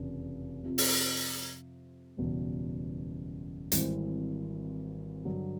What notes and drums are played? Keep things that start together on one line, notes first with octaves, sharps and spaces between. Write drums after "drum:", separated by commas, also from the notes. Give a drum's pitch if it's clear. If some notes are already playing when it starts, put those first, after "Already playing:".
Already playing: F1 E2 C#3
F2 C3 F3
drum: open hi-hat
F#1 E2 B2 G3
G#1 G#2 E3 G3 C4, drum: hi-hat
G2 D3 F#3